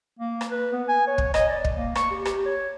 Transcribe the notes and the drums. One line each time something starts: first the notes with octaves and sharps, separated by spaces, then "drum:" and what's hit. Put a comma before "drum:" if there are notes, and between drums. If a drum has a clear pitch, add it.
A#3
drum: rim click
B4
B3
G#5
C#5
drum: kick
D#5, drum: rim click
D5
drum: kick
A#3
C#6, drum: rim click
G4
G4, drum: rim click
C#5